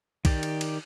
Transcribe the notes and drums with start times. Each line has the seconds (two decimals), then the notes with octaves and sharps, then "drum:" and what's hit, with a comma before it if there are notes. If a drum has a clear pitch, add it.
0.25 D#3 G4 D5, drum: kick B1, cymbal
0.43 drum: cymbal
0.61 drum: cymbal